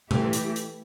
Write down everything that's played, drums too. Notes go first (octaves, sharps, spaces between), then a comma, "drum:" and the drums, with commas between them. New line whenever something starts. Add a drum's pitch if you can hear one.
E3 A3 E4 G4, drum: tom A#2
drum: hi-hat
drum: hi-hat